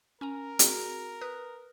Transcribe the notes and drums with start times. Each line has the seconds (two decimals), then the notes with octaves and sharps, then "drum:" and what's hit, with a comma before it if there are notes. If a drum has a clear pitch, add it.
0.21 C#4 A#4 G#5 A#5
0.59 C4 F#4 G#4, drum: hi-hat
1.21 B4 D#6 F#6